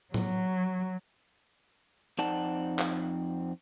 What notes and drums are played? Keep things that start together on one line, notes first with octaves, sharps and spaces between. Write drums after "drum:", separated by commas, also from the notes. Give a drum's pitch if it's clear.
F#3, drum: tom A2
F2 C4 D#4 D5 F#5 A5
drum: clap